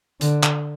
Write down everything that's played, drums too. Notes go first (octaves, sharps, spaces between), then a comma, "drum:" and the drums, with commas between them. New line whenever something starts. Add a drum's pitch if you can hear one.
D3, drum: hi-hat
drum: clap